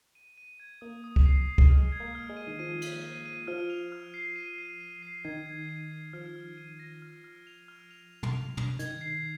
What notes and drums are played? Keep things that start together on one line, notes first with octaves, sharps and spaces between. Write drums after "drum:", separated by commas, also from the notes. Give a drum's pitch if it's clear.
D#7
D#7
G#6
A#3 D#6
D#6
drum: kick C#2
C7
C7
drum: kick C#2
G#3 F6
G#6
A#3
F6
G#3
D#7
D#3
F3 D#7
D#7, drum: cymbal
D#7
D#7
F3 F6
F7
F6
C7
D#7
C7
D#7
C7
D#3 G#6
G#6
D#7
C7
F3 F6
F6
D#7
A#6
F6
F6
F7
F6
F7
F7
drum: tom
F7
F7, drum: tom
D#3 G#6, drum: hi-hat
C7